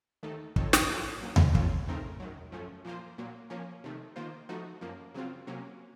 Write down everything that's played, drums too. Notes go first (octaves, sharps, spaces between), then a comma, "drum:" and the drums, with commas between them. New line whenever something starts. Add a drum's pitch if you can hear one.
D#2 D#3 A3 D#4 A4
F3 C4 D#4 A4 C#5, drum: kick
drum: snare
F#3 A#3 F4 A4 C#5
F#3 A#3 C#4
drum: tom D#2
F3 C4 F4 A4 C#5, drum: kick
C#3 A3 C4 D#4 A#4
F#2 D#3 F#3
F#2 F3 A3 C#4
A#2 F3 A#3 F4 C5
A#2 F#3 A#3
F3 A#3 C#4
C3 D#3 A3
D#3 A#3 F4 C5
F3 A3 D#4 F#4
F#2 F3 A#3
C#3 F#3 C4 F4
C3 F#3 A#3 C#4